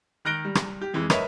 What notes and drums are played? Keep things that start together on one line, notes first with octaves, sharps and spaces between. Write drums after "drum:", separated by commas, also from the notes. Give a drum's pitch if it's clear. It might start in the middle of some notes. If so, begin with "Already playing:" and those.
D#3 F6 F#6 A#6 D7 G7
G3
drum: rim click
G4
F2 E3 G#3
A#4 B4 C#5 D#5 E5, drum: rim click